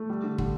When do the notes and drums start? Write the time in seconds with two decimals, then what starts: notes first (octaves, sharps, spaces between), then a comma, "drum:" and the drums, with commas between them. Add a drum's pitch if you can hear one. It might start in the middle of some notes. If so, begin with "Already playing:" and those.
Already playing: A3
0.09 G3
0.23 D3
0.38 D3, drum: kick